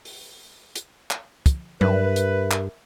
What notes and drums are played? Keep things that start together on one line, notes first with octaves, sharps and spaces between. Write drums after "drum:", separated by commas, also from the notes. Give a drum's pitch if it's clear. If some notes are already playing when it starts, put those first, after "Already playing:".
drum: open hi-hat
drum: hi-hat
drum: clap
drum: kick, hi-hat
G2 A#4 B4 E5, drum: tom F#3
drum: hi-hat
drum: clap